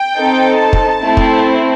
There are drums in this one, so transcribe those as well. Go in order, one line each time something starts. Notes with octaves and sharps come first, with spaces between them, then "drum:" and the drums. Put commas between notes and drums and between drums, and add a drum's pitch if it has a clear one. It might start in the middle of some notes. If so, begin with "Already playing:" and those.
Already playing: G5
C4 D#4 A4
A5
drum: kick
A3 C4 E4
drum: kick